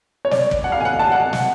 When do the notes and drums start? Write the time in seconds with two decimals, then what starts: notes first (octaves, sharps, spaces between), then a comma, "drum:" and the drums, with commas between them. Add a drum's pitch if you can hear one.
0.25 C#5
0.31 D5, drum: snare
0.51 drum: kick
0.64 F#5
0.72 F5
0.81 G#5
0.85 F#5
0.99 A5
1.12 F#5
1.33 drum: snare